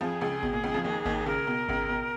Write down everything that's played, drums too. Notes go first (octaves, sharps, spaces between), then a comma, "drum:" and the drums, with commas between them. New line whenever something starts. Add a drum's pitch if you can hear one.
F2 F3 G#4
C#2 C#3
B2, drum: kick G#1
A#2
C#2 C#3
F2 F3
D#2 D#3
D#2 D#3, drum: kick G#1
C#2 C#3 A#4
B2
C#2 C#3, drum: kick G#1
B2